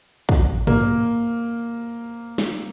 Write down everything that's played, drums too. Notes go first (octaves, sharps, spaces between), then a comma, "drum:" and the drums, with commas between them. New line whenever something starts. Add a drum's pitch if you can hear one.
drum: kick
A#3, drum: tom
drum: snare